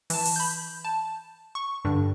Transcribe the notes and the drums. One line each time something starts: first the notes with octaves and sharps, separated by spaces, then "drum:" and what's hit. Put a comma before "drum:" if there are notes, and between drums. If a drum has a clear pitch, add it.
E3 A5, drum: open hi-hat
drum: open hi-hat
B5 G6
A5
C#6
G2 D3